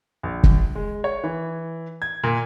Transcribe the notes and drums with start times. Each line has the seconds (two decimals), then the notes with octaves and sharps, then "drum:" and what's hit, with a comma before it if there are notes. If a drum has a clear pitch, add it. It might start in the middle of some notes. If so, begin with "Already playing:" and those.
0.23 A#1
0.43 drum: kick
0.75 G#3
1.04 C#5
1.24 E3
2.02 G#6
2.24 A#2